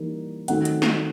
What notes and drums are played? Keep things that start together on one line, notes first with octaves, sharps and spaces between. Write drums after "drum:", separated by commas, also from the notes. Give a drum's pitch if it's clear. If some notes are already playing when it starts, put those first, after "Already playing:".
Already playing: E3 G3 A#3 D#4
D#3 F#3 A3 C4 D#4 F#5, drum: hi-hat
drum: hi-hat
drum: snare